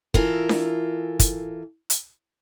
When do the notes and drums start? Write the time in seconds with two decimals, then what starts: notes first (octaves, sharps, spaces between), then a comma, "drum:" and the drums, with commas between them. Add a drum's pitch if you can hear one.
0.14 E3 F4 A4 A#4, drum: kick
0.49 drum: snare D4
1.19 drum: kick, hi-hat
1.90 drum: hi-hat